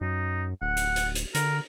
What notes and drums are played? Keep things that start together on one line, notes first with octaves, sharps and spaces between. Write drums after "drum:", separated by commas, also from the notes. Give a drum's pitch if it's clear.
F#2 D#4
D1 F#5
drum: hi-hat
drum: hi-hat
drum: hi-hat
D3 A#4, drum: hi-hat